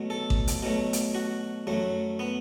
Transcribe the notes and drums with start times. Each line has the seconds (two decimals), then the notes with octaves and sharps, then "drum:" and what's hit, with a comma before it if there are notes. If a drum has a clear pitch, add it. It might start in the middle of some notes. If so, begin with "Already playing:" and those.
Already playing: B2 F#3 A3
0.10 A4
0.30 drum: kick A1
0.47 drum: hi-hat
0.62 B2 F#3 A3
0.93 drum: hi-hat
1.15 F#4
1.67 F#2 F#3 A3
2.19 B3